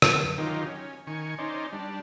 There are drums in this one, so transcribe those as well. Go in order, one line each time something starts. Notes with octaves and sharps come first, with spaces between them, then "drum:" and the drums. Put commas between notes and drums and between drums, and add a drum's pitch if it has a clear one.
drum: rim click
F#2
D#3 F#3 D#4 F4 G4
C#4
D#3 G#5 C#6
C#4 D#4 C5 D5
G3 D4